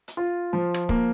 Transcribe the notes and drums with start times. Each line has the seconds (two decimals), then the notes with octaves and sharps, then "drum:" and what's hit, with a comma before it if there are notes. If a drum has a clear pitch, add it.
0.08 drum: hi-hat
0.17 F4
0.53 F3
0.74 drum: rim click
0.89 A#3, drum: kick